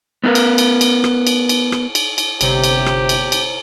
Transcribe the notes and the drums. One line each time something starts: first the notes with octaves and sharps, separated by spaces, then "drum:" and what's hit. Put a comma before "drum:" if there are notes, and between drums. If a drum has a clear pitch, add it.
B3 D#4 F4 A#4 B4
drum: cymbal
drum: cymbal
drum: cymbal
drum: rim click
drum: cymbal
drum: cymbal
drum: rim click
drum: cymbal
drum: cymbal
G1 C3 G4 C5 C#5 A#5, drum: cymbal
drum: cymbal
drum: rim click
drum: cymbal
drum: cymbal